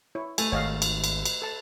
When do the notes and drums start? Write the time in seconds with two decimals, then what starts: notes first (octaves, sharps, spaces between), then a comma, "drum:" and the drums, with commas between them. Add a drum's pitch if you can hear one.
0.15 E4 C#5
0.38 A3 G#5, drum: cymbal
0.52 G#1 D#3 C#5 D#5 F5
0.82 drum: cymbal
1.04 drum: cymbal
1.25 drum: cymbal
1.42 A4 A5